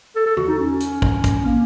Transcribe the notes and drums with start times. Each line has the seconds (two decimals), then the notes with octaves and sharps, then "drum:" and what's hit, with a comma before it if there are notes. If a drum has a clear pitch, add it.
0.16 A4
0.26 A4
0.37 F#4, drum: tom E2
0.48 D#4
0.58 C#4
0.80 drum: hi-hat
1.02 drum: kick
1.24 drum: kick, hi-hat
1.46 A#3